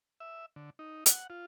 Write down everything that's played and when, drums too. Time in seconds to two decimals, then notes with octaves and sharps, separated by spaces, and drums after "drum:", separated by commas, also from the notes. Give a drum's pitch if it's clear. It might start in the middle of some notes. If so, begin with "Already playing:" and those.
0.20 E5
0.56 D3
0.79 D#4
1.06 F#5, drum: hi-hat
1.30 F4